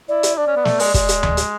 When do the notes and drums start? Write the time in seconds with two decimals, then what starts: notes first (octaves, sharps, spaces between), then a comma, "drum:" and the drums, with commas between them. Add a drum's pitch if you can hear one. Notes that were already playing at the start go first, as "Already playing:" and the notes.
0.09 E4 D5
0.23 drum: hi-hat
0.37 D4 D5
0.47 C#4
0.56 B3
0.65 A3, drum: snare
0.80 G#3, drum: open hi-hat
0.94 G#3, drum: kick, hi-hat
1.09 drum: hi-hat
1.23 drum: tom D2
1.37 drum: hi-hat